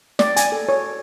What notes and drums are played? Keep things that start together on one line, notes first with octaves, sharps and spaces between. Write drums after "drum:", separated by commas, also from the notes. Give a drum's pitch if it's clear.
D5, drum: snare
G#5, drum: hi-hat
A4
C#5